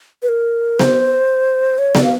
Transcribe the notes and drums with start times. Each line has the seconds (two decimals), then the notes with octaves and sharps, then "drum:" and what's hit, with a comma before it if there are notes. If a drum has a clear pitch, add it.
0.23 B4
0.29 A#4
0.79 C5, drum: snare B3
1.78 C#5
1.95 D5, drum: snare B3
2.04 F5